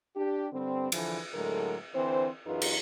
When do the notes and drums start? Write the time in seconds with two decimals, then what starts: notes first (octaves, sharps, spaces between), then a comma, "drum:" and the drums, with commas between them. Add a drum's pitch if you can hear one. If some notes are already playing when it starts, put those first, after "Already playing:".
0.15 D4 G4
0.52 G2 D3 G3 C4
0.92 D3 E3 F3, drum: cymbal
1.34 A2 D3 F#3 G#3 A4 A#4
1.94 D3 E3 C4 C5
2.45 F#2 E3 D#4 F4 G#4 B4
2.62 drum: cymbal